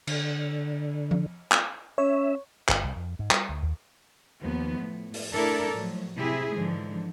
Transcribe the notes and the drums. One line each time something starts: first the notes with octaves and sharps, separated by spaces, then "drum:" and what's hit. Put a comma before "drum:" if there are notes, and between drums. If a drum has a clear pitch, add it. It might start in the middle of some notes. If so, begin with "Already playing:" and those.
D3, drum: cymbal
drum: tom F3
drum: clap
C#4 C#5 E5
G1, drum: clap
C2
F2
G#2
G3, drum: clap
D2
D#2
D#2 F3 B3
A2
drum: open hi-hat
A3 D4 E4 A4 A#4 D5
A2 F3 F#3
C3 E4 G#4
G#2 D3 E3 F3